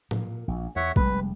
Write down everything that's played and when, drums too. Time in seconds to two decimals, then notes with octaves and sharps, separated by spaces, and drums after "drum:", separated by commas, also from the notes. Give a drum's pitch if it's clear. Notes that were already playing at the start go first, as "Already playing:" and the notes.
0.11 A#2, drum: tom A2
0.48 A#1
0.76 E2 C#5 E5 F#5
0.96 F1 G3 G#3 B4, drum: kick A#1